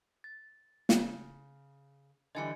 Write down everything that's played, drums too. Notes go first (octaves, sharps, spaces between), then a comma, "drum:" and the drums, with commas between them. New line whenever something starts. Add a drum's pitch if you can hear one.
A6
C#3, drum: snare
D3 E3 G3 D#5 G#5 C#7